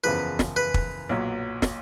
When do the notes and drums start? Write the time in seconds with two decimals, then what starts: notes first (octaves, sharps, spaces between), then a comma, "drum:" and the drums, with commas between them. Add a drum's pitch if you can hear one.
0.04 F#1 E2 C#3 F3 B4
0.39 drum: snare
0.56 B4
0.74 drum: kick
1.09 B1 A#2 F#3
1.62 drum: snare